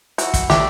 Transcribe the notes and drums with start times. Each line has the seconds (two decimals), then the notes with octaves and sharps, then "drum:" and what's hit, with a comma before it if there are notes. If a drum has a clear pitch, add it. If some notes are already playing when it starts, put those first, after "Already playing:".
0.18 E3 F#4, drum: hi-hat
0.34 drum: kick, hi-hat
0.50 A3 D4 G4, drum: snare